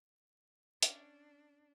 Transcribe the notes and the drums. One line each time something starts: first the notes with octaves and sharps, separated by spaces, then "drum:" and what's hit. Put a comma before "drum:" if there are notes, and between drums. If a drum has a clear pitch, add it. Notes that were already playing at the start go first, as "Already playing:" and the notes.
C#4 D4 D5, drum: hi-hat